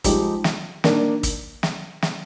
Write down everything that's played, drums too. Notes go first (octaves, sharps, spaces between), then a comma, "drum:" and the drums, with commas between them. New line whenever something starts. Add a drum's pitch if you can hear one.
F3 G#3 D#4 G4, drum: kick, hi-hat
drum: snare
D#3 A#3 D4, drum: snare
drum: kick, hi-hat
drum: snare
drum: snare